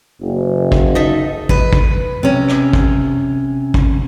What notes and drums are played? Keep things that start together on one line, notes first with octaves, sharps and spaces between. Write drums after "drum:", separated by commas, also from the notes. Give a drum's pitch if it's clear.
F#1
drum: kick
D#4 A4 E5
B4, drum: kick
drum: kick
C3 C#4
drum: rim click
drum: kick
drum: kick